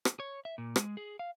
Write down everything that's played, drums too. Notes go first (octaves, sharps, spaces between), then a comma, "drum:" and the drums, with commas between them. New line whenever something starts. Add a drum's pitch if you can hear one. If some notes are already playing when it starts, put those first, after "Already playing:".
drum: rim click
C#5
E5
A#2
G#3, drum: rim click
G#4
F5